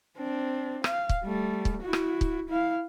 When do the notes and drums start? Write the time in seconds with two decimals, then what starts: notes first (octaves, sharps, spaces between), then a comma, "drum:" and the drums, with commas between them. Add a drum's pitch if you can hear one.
0.18 C4 D4
0.84 F5, drum: rim click
1.09 drum: kick
1.23 G3 A3
1.65 drum: kick
1.82 E4 F#4
1.93 drum: rim click
2.21 drum: kick
2.49 E4 F5